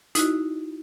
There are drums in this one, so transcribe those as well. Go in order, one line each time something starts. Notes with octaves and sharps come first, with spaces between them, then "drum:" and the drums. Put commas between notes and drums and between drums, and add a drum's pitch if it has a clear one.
D#4 E4 F#4, drum: hi-hat